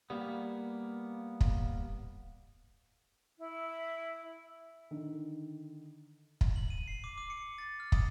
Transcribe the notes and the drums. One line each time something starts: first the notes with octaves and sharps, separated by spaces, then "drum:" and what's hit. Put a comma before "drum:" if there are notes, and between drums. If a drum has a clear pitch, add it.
G3 A#3 B3
drum: kick
E4
D3 D#3
drum: kick
F#7
D#7
C7
D6
D6
C#7
A6
F6
D#6, drum: kick